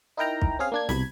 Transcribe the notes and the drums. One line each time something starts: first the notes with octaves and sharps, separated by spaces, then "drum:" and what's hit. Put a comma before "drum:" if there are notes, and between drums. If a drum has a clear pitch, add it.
D#4 E4 A#4 G5 A#5
drum: kick
C4 C#4 G#4 F5
A#3 D4 G#6
C2 B2 B5 G#6, drum: snare C4